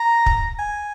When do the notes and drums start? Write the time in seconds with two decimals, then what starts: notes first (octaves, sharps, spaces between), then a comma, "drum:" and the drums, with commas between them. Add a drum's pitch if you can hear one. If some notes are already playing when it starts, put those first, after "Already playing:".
Already playing: A#5
0.26 drum: kick
0.59 G#5